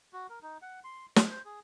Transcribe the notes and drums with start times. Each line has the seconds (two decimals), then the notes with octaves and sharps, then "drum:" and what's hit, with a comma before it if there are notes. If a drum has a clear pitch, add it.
0.13 F#4
0.30 A#4
0.42 D#4
0.62 F#5
0.84 C6
1.16 D#5, drum: snare
1.30 C5
1.45 G#4